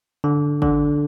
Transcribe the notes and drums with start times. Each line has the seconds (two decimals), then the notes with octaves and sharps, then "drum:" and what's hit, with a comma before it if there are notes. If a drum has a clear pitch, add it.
0.24 D3
0.62 D3, drum: kick G#1